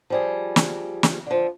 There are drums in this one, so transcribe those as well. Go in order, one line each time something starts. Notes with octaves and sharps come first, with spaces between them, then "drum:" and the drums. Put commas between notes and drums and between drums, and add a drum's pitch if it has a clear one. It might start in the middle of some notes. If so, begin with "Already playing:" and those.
F3 G3 G#4
drum: snare
drum: snare
D3 F3